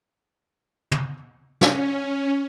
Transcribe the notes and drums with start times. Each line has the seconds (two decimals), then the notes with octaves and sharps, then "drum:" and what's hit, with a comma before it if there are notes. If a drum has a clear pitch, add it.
0.92 drum: tom
1.61 C#4, drum: snare